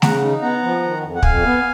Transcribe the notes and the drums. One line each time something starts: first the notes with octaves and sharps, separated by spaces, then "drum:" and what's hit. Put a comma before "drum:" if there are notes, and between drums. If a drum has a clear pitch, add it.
C#3 F#5 A#5, drum: snare A3
D#4
B3 F#5 A#5
F3
D#3
F2
F#5
F2 F5 G#5, drum: kick
B3